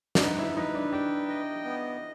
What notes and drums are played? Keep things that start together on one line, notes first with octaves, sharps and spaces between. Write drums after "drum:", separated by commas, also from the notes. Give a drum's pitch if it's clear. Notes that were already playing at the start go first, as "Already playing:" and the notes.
D4, drum: snare
D#4 B4
E4
D#4 B4
D4
D4 G5
D#5
B3